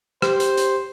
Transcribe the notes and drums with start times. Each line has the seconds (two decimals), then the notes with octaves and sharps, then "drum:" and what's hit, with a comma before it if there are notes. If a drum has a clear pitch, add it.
0.22 G4 C5, drum: rim click
0.40 drum: hi-hat
0.57 drum: hi-hat